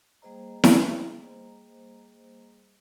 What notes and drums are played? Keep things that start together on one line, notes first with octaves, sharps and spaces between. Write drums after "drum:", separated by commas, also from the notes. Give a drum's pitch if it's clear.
G3 A#3 G#4 C5 D#5 A#5
drum: snare E4